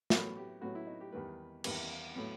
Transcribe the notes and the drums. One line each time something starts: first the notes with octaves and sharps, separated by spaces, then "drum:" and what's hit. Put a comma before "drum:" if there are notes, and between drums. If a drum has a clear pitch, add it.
A2 F#3 B3 F#4, drum: snare
G4
A2 F#3 B3 F#4
E4
D#4
G4
E2 D#3 G3 B4
E2 D#3 G3 B4, drum: cymbal
A2 F#3 B3